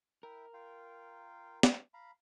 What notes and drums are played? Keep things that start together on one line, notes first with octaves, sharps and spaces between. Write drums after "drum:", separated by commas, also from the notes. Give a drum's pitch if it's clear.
E4 A#4 E5 G5
F4 F5 G5
drum: snare
F5 A#5 B5